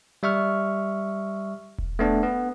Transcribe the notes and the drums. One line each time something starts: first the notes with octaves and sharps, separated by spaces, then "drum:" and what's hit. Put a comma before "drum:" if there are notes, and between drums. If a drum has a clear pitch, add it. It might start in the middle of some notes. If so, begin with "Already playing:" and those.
G3 E5 C#6 F6
drum: kick E1
A3 B3 D4
B3